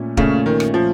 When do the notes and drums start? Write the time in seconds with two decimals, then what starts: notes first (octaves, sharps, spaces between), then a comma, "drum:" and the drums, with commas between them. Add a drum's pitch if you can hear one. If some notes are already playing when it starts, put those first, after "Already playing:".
Already playing: A#2 A3 C#4
0.17 A#2 C#3 A3 C#4 F4, drum: kick
0.46 D#3
0.60 drum: rim click
0.74 F3